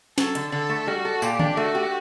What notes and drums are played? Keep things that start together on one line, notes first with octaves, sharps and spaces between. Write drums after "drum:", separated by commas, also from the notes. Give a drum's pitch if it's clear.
F#3 A4, drum: snare
D3, drum: hi-hat
D3 A4
A3
G3 F#4
A4
A#2 G4, drum: tambourine
D4, drum: tom D3
A3 F#4
G4